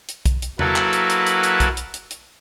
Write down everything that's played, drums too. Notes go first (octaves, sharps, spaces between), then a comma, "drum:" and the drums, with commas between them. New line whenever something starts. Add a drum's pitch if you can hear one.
drum: hi-hat
drum: kick, hi-hat
drum: hi-hat
F#3 A#3 E4 F#4 A4 B4, drum: tom E2
drum: clap
drum: hi-hat
drum: hi-hat
drum: hi-hat
drum: hi-hat
drum: kick, hi-hat
drum: hi-hat
drum: hi-hat
drum: hi-hat